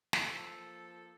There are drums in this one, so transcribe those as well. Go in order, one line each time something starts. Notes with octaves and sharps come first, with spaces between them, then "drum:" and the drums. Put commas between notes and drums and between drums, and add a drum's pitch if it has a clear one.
drum: snare
F3 A#3 A4